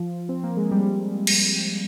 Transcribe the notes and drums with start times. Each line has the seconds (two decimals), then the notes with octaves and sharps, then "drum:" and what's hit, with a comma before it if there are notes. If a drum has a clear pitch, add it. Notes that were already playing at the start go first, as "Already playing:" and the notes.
Already playing: F3
0.29 C4
0.44 A#3
0.57 G#3
0.71 G3
1.27 drum: cymbal